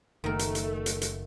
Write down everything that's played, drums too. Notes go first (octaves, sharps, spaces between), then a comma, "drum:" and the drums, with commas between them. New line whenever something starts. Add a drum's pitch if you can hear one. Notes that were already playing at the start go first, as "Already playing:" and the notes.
F#1 D#3 A3 A#4
drum: hi-hat
drum: hi-hat
drum: hi-hat
drum: hi-hat